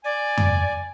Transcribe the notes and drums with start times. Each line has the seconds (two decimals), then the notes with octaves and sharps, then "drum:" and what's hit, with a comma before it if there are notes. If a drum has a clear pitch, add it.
0.04 D5 G#5
0.37 drum: tom F2